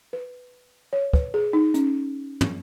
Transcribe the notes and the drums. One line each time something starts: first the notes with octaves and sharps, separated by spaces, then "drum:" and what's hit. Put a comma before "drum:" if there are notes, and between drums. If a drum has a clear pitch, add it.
B4
C#5
B4, drum: kick
G#4
D#4
C#4, drum: hi-hat
drum: tom